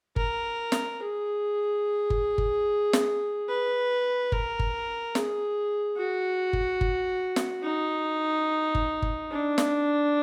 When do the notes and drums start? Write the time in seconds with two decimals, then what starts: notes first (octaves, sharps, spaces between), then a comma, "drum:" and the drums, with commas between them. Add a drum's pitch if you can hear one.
0.16 A#4, drum: kick G1
0.72 drum: snare
1.00 G#4
2.10 drum: kick G1
2.38 drum: kick G1
2.93 drum: snare
3.48 B4
4.32 A#4, drum: kick G1
4.59 drum: kick G1
5.15 G#4, drum: snare
5.97 F#4
6.53 drum: kick G1
6.81 drum: kick G1
7.36 drum: snare
7.64 D#4
8.75 drum: kick G1
9.02 drum: kick G1
9.31 D4
9.58 drum: snare